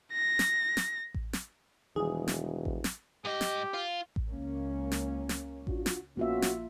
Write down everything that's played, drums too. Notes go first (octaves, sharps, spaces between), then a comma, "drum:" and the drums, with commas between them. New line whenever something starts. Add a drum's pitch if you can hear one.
A#6
drum: snare
drum: snare
drum: kick A1
drum: snare
E1 D#3 E3 G3 G#4
drum: snare
drum: kick A1
drum: snare
G#2 G4 D#5
drum: snare
F4
drum: kick A1
C#2 A#3 C#4
drum: snare
drum: snare
D4 F4 F#4, drum: kick A1
drum: snare
A#1 A#3 B3 C#4 F4 F#4 E5
drum: snare